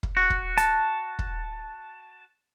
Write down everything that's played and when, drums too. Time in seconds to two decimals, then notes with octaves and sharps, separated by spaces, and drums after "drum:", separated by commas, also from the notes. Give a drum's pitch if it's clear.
0.03 drum: kick
0.17 F#4
0.30 drum: kick
0.58 A5, drum: hi-hat
1.19 drum: kick